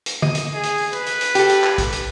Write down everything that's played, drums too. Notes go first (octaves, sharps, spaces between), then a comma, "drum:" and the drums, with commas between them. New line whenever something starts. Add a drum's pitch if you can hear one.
drum: hi-hat
D#5, drum: tom
drum: hi-hat
G#4
drum: hi-hat
drum: open hi-hat
B4, drum: hi-hat
drum: hi-hat
drum: hi-hat
G4 A4, drum: hi-hat
drum: hi-hat
drum: clap
drum: kick, hi-hat
drum: hi-hat